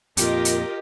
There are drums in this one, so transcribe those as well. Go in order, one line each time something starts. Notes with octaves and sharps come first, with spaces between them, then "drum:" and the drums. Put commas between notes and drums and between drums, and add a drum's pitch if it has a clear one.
F2 A#2 F4 G4 A#4 D#5, drum: hi-hat
drum: hi-hat